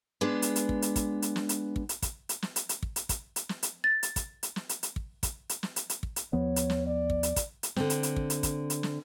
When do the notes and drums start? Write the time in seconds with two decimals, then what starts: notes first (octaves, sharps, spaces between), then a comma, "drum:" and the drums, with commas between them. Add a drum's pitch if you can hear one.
0.21 G#3 B3 D4
0.42 drum: hi-hat
0.56 drum: hi-hat
0.69 drum: kick
0.82 drum: hi-hat
0.96 drum: kick, hi-hat
1.22 drum: hi-hat
1.36 drum: snare
1.49 drum: hi-hat
1.76 drum: kick
1.89 drum: hi-hat
2.02 drum: kick, hi-hat
2.29 drum: hi-hat
2.42 drum: snare
2.56 drum: hi-hat
2.69 drum: hi-hat
2.83 drum: kick
2.96 drum: hi-hat
3.09 drum: kick, hi-hat
3.36 drum: hi-hat
3.49 drum: snare
3.63 drum: hi-hat
3.84 A6
4.03 drum: hi-hat
4.16 drum: kick, hi-hat
4.43 drum: hi-hat
4.56 drum: snare
4.69 drum: hi-hat
4.83 drum: hi-hat
4.96 drum: kick
5.23 drum: kick, hi-hat
5.49 drum: hi-hat
5.63 drum: snare
5.76 drum: hi-hat
5.90 drum: hi-hat
6.03 drum: kick
6.16 drum: hi-hat
6.33 D#2 F3 B3 C#5
6.56 drum: hi-hat
6.70 drum: snare
6.87 D5
7.10 drum: kick
7.23 drum: hi-hat
7.36 drum: kick, hi-hat
7.63 drum: hi-hat
7.76 D3 C4, drum: snare
7.90 drum: hi-hat
8.03 drum: hi-hat
8.16 drum: kick
8.30 drum: hi-hat
8.43 drum: kick, hi-hat
8.70 drum: hi-hat
8.83 drum: snare